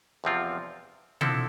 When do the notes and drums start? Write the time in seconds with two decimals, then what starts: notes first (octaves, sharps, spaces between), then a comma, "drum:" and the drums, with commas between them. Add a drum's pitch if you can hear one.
0.24 E2 C3 F3 C4 F4
1.21 D3 F3 C4 E4 A4, drum: tom B2